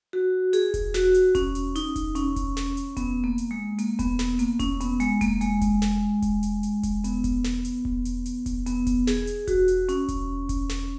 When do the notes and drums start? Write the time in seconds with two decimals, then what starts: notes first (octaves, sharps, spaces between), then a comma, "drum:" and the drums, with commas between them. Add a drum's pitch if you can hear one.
0.13 F#4
0.53 G#4, drum: hi-hat
0.74 drum: kick E1, hi-hat
0.94 F#4, drum: snare
1.14 drum: hi-hat
1.35 C#4, drum: kick E1, hi-hat
1.55 drum: hi-hat
1.76 D#4, drum: hi-hat
1.96 drum: kick E1, hi-hat
2.15 C#4, drum: hi-hat
2.36 drum: kick E1, hi-hat
2.57 drum: snare
2.77 drum: hi-hat
2.97 B3, drum: kick E1, hi-hat
3.24 A#3
3.38 drum: hi-hat
3.51 G#3
3.79 A#3, drum: hi-hat
3.99 B3, drum: kick E1, hi-hat
4.19 B3, drum: snare
4.39 A#3, drum: hi-hat
4.60 C#4, drum: kick E1, hi-hat
4.81 B3, drum: hi-hat
5.00 G#3, drum: hi-hat
5.21 A#3, drum: kick E1, hi-hat
5.41 G#3, drum: hi-hat
5.61 drum: kick E1, hi-hat
5.82 drum: snare
6.22 drum: kick E1, hi-hat
6.43 drum: hi-hat
6.63 drum: hi-hat
6.83 drum: kick E1, hi-hat
7.04 B3, drum: hi-hat
7.24 drum: kick E1, hi-hat
7.44 drum: snare
7.65 drum: hi-hat
7.85 drum: kick E1
8.05 drum: hi-hat
8.26 drum: hi-hat
8.46 drum: kick E1, hi-hat
8.66 B3, drum: hi-hat
8.87 drum: kick E1, hi-hat
9.07 G#4, drum: snare
9.27 drum: hi-hat
9.48 F#4, drum: kick E1, hi-hat
9.68 drum: hi-hat
9.89 C#4, drum: hi-hat
10.08 drum: kick E1, hi-hat
10.49 drum: kick E1, hi-hat
10.69 drum: snare